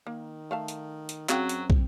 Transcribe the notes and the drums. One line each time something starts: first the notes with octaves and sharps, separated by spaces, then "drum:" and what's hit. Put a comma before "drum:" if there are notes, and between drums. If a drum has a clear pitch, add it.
D#3 A#3
A3 F5 A5
drum: hi-hat
drum: hi-hat
F#2 F#3 C4 G#4 F5 G5, drum: clap
drum: hi-hat
drum: kick